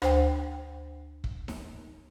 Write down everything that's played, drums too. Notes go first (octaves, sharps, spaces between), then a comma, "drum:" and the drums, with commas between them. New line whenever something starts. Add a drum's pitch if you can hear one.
D2 C5 G5, drum: rim click
drum: kick
drum: snare D#4